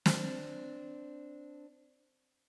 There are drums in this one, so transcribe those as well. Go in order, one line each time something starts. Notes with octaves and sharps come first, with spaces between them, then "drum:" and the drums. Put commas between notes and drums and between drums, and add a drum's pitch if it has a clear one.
C4 D4, drum: snare